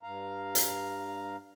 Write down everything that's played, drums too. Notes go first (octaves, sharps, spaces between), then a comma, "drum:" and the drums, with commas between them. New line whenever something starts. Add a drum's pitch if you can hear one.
G2 F5 A#5
drum: hi-hat